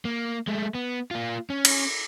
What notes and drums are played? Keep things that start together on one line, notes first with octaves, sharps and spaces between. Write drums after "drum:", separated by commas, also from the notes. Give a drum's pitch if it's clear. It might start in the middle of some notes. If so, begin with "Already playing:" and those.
A#3
G#3 A3
B3
A#3 F4
C#4
drum: cymbal